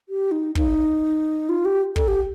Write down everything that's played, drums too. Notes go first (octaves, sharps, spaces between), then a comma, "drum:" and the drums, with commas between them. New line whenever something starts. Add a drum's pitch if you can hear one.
G4
D#4
D#4, drum: kick
F4
G4
A4, drum: kick
G4